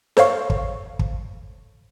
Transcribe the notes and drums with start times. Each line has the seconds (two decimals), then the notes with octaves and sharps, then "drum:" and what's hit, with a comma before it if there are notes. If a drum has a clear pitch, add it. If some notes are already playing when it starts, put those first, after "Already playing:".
0.17 A4 C5 C#5 F5 C#6, drum: snare
0.50 drum: kick
0.99 drum: kick